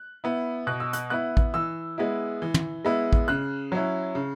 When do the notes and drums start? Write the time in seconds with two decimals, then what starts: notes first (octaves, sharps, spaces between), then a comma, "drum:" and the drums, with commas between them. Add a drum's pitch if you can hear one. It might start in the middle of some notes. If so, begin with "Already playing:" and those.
Already playing: F#6
0.24 B3 E4
0.67 B2 F#6
0.80 E6
0.93 F#6, drum: hi-hat
1.10 B3 E4 F#6
1.37 drum: kick
1.54 E3 E6
1.98 G#3 B3 E4
2.42 E3
2.54 drum: tom
2.85 G#3 B3 E4
3.13 drum: kick
3.28 C#3 F#6
3.72 F#3 C#4 E4
4.15 C#3